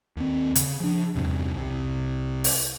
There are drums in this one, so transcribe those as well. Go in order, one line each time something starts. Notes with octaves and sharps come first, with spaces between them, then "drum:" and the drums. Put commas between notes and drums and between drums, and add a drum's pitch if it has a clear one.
D#2 C4
C#3, drum: hi-hat
F3 D4
E2 G2 C3
C2 C3
drum: open hi-hat